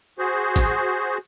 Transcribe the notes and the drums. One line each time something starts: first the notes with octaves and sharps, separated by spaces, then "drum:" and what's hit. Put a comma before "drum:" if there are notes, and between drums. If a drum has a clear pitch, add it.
F#4 G#4 C5
drum: kick, hi-hat